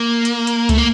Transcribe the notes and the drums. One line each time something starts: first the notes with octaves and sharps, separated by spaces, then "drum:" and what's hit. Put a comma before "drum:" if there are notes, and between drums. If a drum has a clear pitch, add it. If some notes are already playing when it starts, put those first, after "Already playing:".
Already playing: A#3
drum: hi-hat
drum: hi-hat
A3, drum: kick C#2, hi-hat
A#3